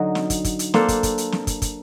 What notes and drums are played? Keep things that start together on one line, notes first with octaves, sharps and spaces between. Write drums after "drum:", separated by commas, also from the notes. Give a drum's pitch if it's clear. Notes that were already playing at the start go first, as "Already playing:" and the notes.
Already playing: D3 F#3 D#4
drum: snare
drum: kick, hi-hat
drum: kick, hi-hat
drum: hi-hat
A#3 D4 A4 C5, drum: snare
drum: kick, hi-hat
drum: kick, hi-hat
drum: hi-hat
drum: snare
drum: kick, hi-hat
drum: kick, hi-hat